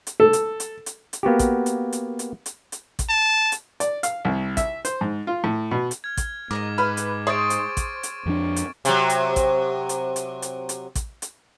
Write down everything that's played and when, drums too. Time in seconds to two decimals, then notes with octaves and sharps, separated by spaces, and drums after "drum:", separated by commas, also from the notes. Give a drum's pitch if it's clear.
0.07 drum: hi-hat
0.20 A4
0.33 drum: hi-hat
0.60 drum: hi-hat
0.86 drum: hi-hat
1.13 drum: hi-hat
1.23 A#3 B3 F#4 G4
1.39 drum: kick A1, hi-hat
1.66 drum: hi-hat
1.93 drum: hi-hat
2.19 drum: hi-hat
2.46 drum: hi-hat
2.72 drum: hi-hat
2.99 drum: kick A1, hi-hat
3.09 A5
3.52 drum: hi-hat
3.80 D5, drum: hi-hat
4.03 F5, drum: hi-hat
4.25 C2
4.57 E5, drum: kick A1, hi-hat
4.85 C5, drum: hi-hat
5.01 G#2
5.27 F4
5.44 A2
5.71 B2
5.91 drum: hi-hat
6.04 F6 G#6
6.17 drum: kick A1, hi-hat
6.51 G#2 A#4 D5 D#5 D6
6.78 B4 B5 F6
6.97 drum: hi-hat
7.27 G#4 C5 C#5 C#6 A6 D7
7.50 drum: hi-hat
7.77 drum: kick A1, hi-hat
8.03 drum: hi-hat
8.26 F2 F3 D4
8.56 drum: hi-hat
8.85 C3 F#3, drum: hi-hat
9.10 drum: hi-hat
9.36 drum: kick A1, hi-hat
9.89 drum: hi-hat
10.16 drum: hi-hat
10.42 drum: hi-hat
10.69 drum: hi-hat
10.95 drum: kick A1, hi-hat
11.22 drum: hi-hat